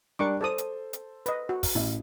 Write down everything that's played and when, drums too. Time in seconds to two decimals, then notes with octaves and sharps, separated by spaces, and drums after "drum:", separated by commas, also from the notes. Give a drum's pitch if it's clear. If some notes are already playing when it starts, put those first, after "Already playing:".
0.19 G3 D4 A#4 C#6 D6
0.41 A4 C5 D5 A5 D#6
0.58 drum: hi-hat
0.93 drum: hi-hat
1.26 B4 D#5, drum: hi-hat
1.49 F#4
1.63 drum: kick, open hi-hat
1.75 A1 E4